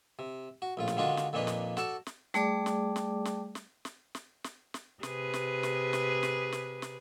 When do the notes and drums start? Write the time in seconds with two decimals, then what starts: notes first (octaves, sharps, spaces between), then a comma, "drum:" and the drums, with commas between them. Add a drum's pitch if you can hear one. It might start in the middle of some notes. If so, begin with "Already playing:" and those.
0.19 C3
0.62 F#4
0.77 A#1 A2 F4
0.88 drum: snare
0.97 D3 D#3 G#3 D4 F4 F#4
1.17 drum: snare
1.33 F2 A#2 D#3 A#3 D4 B4
1.47 drum: snare
1.77 F#4 A4 D5 A5, drum: snare
2.07 drum: snare
2.34 G3 A3 G#4 D5 D6, drum: snare
2.66 drum: snare
2.96 drum: snare
3.25 drum: snare
3.55 drum: snare
3.85 drum: snare
4.15 drum: snare
4.44 drum: snare
4.74 drum: snare
5.03 C3 G#4 B4, drum: snare
5.34 drum: snare
5.63 drum: snare
5.93 drum: snare
6.23 drum: snare
6.52 drum: snare
6.82 drum: snare